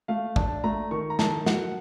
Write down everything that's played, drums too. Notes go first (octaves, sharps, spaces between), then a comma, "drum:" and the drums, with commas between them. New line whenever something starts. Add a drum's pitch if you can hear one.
A3 F5
D4 A5, drum: kick
A3 A#5
D#3 C#6
A#5
D#3 A5, drum: snare
F#3 F#5, drum: snare